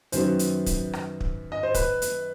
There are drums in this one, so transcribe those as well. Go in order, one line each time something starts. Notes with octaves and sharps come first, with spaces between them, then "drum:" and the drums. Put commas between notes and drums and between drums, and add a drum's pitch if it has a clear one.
F#2 D#3 F#3 B3 C5, drum: hi-hat
drum: hi-hat
drum: kick, hi-hat
drum: rim click
drum: kick
D#5
C5
B4, drum: kick, hi-hat
drum: hi-hat